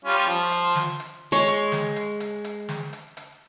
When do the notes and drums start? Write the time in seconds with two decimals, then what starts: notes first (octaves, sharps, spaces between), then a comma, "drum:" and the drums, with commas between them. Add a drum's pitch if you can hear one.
0.05 G3 C#4 F4
0.27 F3, drum: hi-hat
0.51 drum: hi-hat
0.76 drum: snare
1.00 drum: hi-hat
1.32 G#3 C#5
1.48 drum: hi-hat
1.72 drum: snare
1.96 drum: hi-hat
2.20 drum: hi-hat
2.44 drum: hi-hat
2.69 drum: snare
2.93 drum: hi-hat
3.17 drum: hi-hat